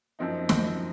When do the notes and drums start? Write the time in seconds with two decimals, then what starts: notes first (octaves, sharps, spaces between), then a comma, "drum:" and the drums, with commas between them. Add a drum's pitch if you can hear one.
0.19 F#2 F3 C4 D#4
0.49 F#2 F3 C4 D#4, drum: snare